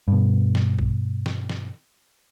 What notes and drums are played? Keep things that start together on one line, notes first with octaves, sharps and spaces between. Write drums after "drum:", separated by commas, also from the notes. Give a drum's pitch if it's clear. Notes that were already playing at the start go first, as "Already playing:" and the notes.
G2 B2
drum: snare
drum: kick
drum: snare
drum: snare